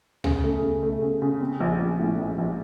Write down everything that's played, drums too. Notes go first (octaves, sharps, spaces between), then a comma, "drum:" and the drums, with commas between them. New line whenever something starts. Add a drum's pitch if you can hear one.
C#3, drum: tom C#2
A3
C#3
A3
C#3
C#3
C4
A#1
A#1
A2
A#1
A#1